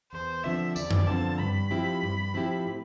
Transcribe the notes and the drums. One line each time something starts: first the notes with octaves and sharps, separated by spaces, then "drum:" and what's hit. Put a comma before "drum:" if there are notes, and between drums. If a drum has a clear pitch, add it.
E2 C5
D3 F3 C4 E5
E2 D5, drum: tambourine
drum: tom F#2
D3 F3 C4 A5
G2 B5
F3 C4 E4 G4
G2
F3 C4 E4 G4
A2